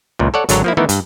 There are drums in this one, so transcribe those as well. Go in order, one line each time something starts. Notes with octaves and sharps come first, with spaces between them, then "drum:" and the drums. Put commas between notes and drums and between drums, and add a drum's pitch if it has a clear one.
C#2 A#2
A4 C#5 D5 F#5
G#1 D3 F#3 D4 C#5 A#5, drum: hi-hat
F3 A#3 E4
D#3 E3 A3 B3 D#4 E4
G2, drum: hi-hat